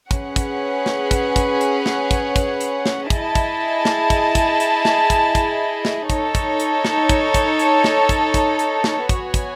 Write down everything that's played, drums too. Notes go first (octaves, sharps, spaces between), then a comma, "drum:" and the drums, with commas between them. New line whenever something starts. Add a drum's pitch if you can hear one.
C#4 G#4 B4 F#5, drum: kick, hi-hat
drum: kick, hi-hat
drum: snare
drum: kick, hi-hat
drum: kick, hi-hat
drum: hi-hat
drum: snare
drum: kick, hi-hat
drum: kick, hi-hat
drum: hi-hat
drum: snare
E4 G#4 D#5 A5, drum: kick, hi-hat
drum: kick, hi-hat
drum: snare
drum: kick, hi-hat
drum: kick, hi-hat
drum: hi-hat
drum: snare
drum: kick, hi-hat
drum: kick, hi-hat
drum: snare
D#4 A4 C#5, drum: kick, hi-hat
drum: kick, hi-hat
drum: hi-hat
drum: snare
drum: kick, hi-hat
drum: kick, hi-hat
drum: hi-hat
drum: snare
drum: kick, hi-hat
drum: kick, hi-hat
drum: hi-hat
drum: snare
B3 F#4 C#5 G#5, drum: kick, hi-hat
drum: kick, hi-hat